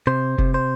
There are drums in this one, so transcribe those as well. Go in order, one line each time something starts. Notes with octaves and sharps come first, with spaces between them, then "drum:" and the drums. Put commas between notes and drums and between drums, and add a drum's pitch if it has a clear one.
C3 C5
C3, drum: kick F1
C5